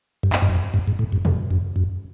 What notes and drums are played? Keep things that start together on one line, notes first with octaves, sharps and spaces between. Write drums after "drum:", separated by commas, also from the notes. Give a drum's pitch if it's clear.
G2
drum: clap
G2
F#2
G2
G#2
A2
G2
F#2, drum: tom A#2
F#2
F#2